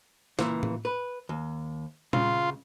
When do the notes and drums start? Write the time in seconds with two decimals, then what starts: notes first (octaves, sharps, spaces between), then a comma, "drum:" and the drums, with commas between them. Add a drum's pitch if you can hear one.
0.39 C#2 A#2 E3, drum: snare
0.63 drum: tom A2
0.85 B4
1.29 D#2
2.13 C#2 C#3 F4, drum: tom A#2